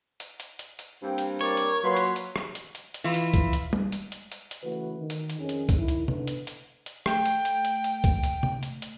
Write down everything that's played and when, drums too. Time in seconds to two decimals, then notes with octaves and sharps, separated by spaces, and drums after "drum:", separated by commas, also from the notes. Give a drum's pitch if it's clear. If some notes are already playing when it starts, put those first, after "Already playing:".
0.20 drum: hi-hat
0.40 drum: hi-hat
0.59 drum: hi-hat
0.79 drum: hi-hat
1.02 G2 A#3 C4 G5
1.18 drum: hi-hat
1.41 A#4 C#5 D5
1.57 drum: hi-hat
1.83 F#3 A#3 F4 B4 C6
1.96 drum: hi-hat
2.16 drum: hi-hat
2.36 drum: rim click
2.55 drum: hi-hat
2.75 drum: hi-hat
2.94 drum: hi-hat
3.04 E3 E4 F4
3.14 drum: hi-hat
3.34 drum: kick, hi-hat
3.53 drum: hi-hat
3.73 drum: tom G3
3.92 drum: hi-hat
4.12 drum: hi-hat
4.32 drum: hi-hat
4.51 drum: hi-hat
4.63 C#3 E3 A3 F#4 B4
4.99 D#3
5.10 drum: hi-hat
5.30 drum: hi-hat
5.39 F2 D#3 C#4 G#4
5.49 drum: hi-hat
5.69 drum: kick, hi-hat
5.78 D#3 E4
5.88 drum: hi-hat
6.08 D3 B3 B4, drum: tom C3
6.28 drum: hi-hat
6.47 drum: hi-hat
6.86 drum: hi-hat
7.06 A3 G5, drum: rim click
7.25 drum: hi-hat
7.45 drum: hi-hat
7.65 drum: hi-hat
7.84 drum: hi-hat
8.04 drum: kick, hi-hat
8.23 drum: hi-hat
8.43 drum: tom C3
8.63 drum: hi-hat
8.82 drum: hi-hat